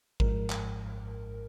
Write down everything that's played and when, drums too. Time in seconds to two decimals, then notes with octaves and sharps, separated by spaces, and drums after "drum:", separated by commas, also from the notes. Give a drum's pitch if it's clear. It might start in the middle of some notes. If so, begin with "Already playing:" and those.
0.20 G#1 G#2 F3 G#3 A#4, drum: kick G#1
0.50 drum: clap